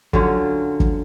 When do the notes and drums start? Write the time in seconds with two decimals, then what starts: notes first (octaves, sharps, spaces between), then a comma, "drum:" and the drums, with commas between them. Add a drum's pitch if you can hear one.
0.13 D3 F#3 C#4 F4, drum: kick
0.80 drum: kick